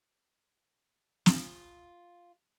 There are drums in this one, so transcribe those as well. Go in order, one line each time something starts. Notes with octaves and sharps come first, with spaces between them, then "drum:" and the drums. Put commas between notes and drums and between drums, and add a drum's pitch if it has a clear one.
F4, drum: snare